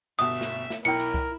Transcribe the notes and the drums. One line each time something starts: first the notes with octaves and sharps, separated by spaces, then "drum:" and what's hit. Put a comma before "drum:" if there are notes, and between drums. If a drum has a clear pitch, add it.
G1 B2 E5 D#6
drum: snare
drum: snare
B1 E4 A#4 G5 C#7
drum: hi-hat
drum: kick C2